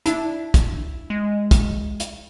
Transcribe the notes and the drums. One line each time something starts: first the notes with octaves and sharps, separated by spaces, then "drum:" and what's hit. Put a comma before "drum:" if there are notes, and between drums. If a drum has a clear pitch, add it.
D4 E4, drum: hi-hat
drum: kick, hi-hat
G#3
drum: kick, hi-hat
drum: hi-hat